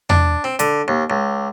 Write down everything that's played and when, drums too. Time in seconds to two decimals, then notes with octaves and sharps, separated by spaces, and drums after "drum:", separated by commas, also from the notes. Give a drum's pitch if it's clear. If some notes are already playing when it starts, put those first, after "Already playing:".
0.10 D4, drum: tom E2
0.44 C4
0.59 D3, drum: hi-hat
0.88 D#2
1.10 C#2